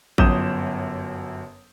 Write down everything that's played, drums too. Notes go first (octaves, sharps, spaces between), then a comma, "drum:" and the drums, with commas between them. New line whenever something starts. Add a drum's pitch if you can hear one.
G1 F#2 D#6 G6 E7, drum: kick A1